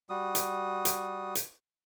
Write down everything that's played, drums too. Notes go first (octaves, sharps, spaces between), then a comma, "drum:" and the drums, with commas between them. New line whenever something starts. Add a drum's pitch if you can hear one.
G3 F#4 D#6
drum: hi-hat
drum: hi-hat
drum: hi-hat